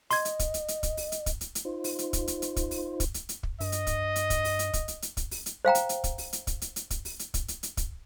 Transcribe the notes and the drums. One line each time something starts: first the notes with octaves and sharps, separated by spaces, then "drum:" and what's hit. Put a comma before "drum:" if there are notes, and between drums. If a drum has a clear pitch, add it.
D#5 C6 G#6, drum: open hi-hat
drum: hi-hat
drum: kick, hi-hat
drum: hi-hat
drum: hi-hat
drum: kick, hi-hat
drum: open hi-hat
drum: hi-hat
drum: kick, hi-hat
drum: hi-hat
drum: hi-hat
D#4 F4 C5
drum: open hi-hat
drum: hi-hat
drum: kick, hi-hat
drum: hi-hat
drum: hi-hat
drum: kick, hi-hat
drum: open hi-hat
drum: kick, hi-hat
drum: hi-hat
drum: hi-hat
drum: kick
G2 D#5, drum: open hi-hat
drum: hi-hat
drum: kick, hi-hat
drum: hi-hat
drum: kick, hi-hat
drum: open hi-hat
drum: hi-hat
drum: kick, hi-hat
drum: hi-hat
drum: hi-hat
drum: kick, hi-hat
drum: open hi-hat
drum: hi-hat
C5 F5 G5 A#5
drum: hi-hat
drum: hi-hat
drum: kick, hi-hat
drum: open hi-hat
drum: hi-hat
drum: kick, hi-hat
drum: hi-hat
drum: hi-hat
drum: kick, hi-hat
drum: open hi-hat
drum: hi-hat
drum: kick, hi-hat
drum: hi-hat
drum: hi-hat
drum: kick, hi-hat